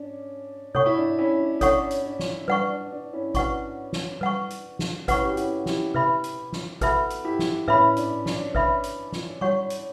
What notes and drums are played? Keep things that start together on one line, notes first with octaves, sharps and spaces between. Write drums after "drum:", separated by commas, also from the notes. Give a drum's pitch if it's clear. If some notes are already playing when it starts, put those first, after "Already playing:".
Already playing: C#4 D4
A4 C#5 F#5 C#6, drum: tom C3
E4
D4
C#4 E4
D4
D4 A4 C#5 F#5 C#6, drum: kick G#1, hi-hat
drum: hi-hat
D4
drum: snare
D4 B4 F#5 C#6, drum: tom G3
D4
D4
C#4 E4
D4 F#4 B4 F#5 C#6, drum: kick G#1, hi-hat
drum: snare
B4 F#5 C#6, drum: tom G3
drum: hi-hat
drum: snare
C#4 E4 B4 F#5 C#6, drum: kick G#1, hi-hat
G4
F#4
C#4 E4, drum: hi-hat
E4 G4, drum: snare
B4 E5 B5, drum: tom C3
drum: hi-hat
drum: snare
F#4 A4 B4 E5 B5, drum: kick G#1, hi-hat
drum: hi-hat
E4 G4
drum: snare
C#4 E4 B4 E5 B5, drum: tom A2
D4, drum: hi-hat
D4, drum: snare
B4 E5 B5, drum: kick G#1
drum: hi-hat
drum: snare
F#4 C#5 F#5 C#6, drum: tom G3
drum: hi-hat